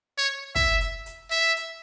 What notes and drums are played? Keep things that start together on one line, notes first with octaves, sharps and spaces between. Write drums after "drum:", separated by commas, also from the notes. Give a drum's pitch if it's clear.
C#5
E5, drum: kick, hi-hat
drum: hi-hat
drum: hi-hat
E5, drum: hi-hat
drum: hi-hat